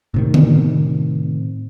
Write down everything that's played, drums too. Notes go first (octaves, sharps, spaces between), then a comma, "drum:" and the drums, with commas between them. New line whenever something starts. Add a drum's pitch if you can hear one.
A2 C3 D#3
drum: tom D3